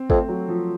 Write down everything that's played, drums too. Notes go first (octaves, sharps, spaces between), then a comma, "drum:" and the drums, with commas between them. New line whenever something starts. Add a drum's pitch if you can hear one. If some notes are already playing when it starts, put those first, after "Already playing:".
Already playing: C4
F2 A3, drum: kick
F#3
F3